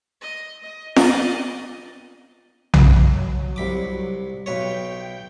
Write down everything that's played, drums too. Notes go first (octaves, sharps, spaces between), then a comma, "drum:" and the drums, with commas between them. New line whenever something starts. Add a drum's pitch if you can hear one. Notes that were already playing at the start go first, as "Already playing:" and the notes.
D#5
D#5
D5 D#5, drum: snare
F#3, drum: tom B1
C2 B5 D6
B1 B4 C#5 G5